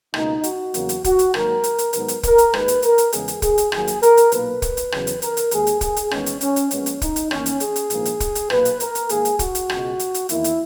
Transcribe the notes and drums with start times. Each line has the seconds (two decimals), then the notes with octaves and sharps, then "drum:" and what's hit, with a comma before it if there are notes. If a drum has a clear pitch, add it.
0.14 C#2 B2 A#3 D#4, drum: rim click
0.44 F#4, drum: hi-hat
0.74 E2 C#3 F#3 A#3, drum: hi-hat
0.89 drum: hi-hat
1.04 F#4, drum: kick, hi-hat
1.19 drum: hi-hat
1.34 G#2 D#3 F#3 A#3 A#4, drum: rim click
1.64 drum: hi-hat
1.78 drum: hi-hat
1.93 G#2 D#3 F#3 B3 A#4, drum: hi-hat
2.08 drum: hi-hat
2.23 A#4, drum: kick, hi-hat
2.38 drum: hi-hat
2.54 D#2 D#3 G#3 B4, drum: rim click
2.68 drum: hi-hat
2.82 A#4, drum: hi-hat
2.98 drum: hi-hat
3.13 E2 C#3 G#3 B3 G#4, drum: hi-hat
3.28 drum: hi-hat
3.42 G#4, drum: kick, hi-hat
3.58 drum: hi-hat
3.72 D#2 D#3 F#3 A#3 G#4, drum: rim click
3.87 drum: hi-hat
4.03 A#4, drum: hi-hat
4.17 drum: hi-hat
4.32 B1 A#2 A#3 B4, drum: hi-hat
4.62 drum: kick, hi-hat
4.77 drum: hi-hat
4.92 E2 C#3 F#3, drum: rim click
5.07 drum: hi-hat
5.22 A#4, drum: hi-hat
5.37 drum: hi-hat
5.51 D#2 D#3 G#3 G#4, drum: hi-hat
5.67 drum: hi-hat
5.81 G#4, drum: kick, hi-hat
5.96 drum: hi-hat
6.11 E2 D#3 G#3 B3 C#4, drum: rim click
6.26 drum: hi-hat
6.41 C#4, drum: hi-hat
6.56 drum: hi-hat
6.71 A#1 A#2 G#3 B3 C#4, drum: hi-hat
6.86 drum: hi-hat
7.02 D#4, drum: kick, hi-hat
7.16 drum: hi-hat
7.31 E2 D#3 A#3 C#4, drum: rim click
7.46 drum: hi-hat
7.60 G#4, drum: hi-hat
7.76 drum: hi-hat
7.90 A#1 G#2 D#3 A#3, drum: hi-hat
8.05 drum: hi-hat
8.20 drum: kick, hi-hat
8.35 drum: hi-hat
8.50 B1 A#2 A#3 B4, drum: rim click
8.65 drum: hi-hat
8.80 A#4, drum: hi-hat
8.95 drum: hi-hat
9.09 G#2 D#3 A#3 G#4, drum: hi-hat
9.25 drum: hi-hat
9.39 F#4, drum: kick, hi-hat
9.55 drum: hi-hat
9.70 C#2 B2 G#3, drum: rim click
9.99 drum: hi-hat
10.14 drum: hi-hat
10.29 E2 D#3 A#3 E4, drum: hi-hat
10.44 drum: hi-hat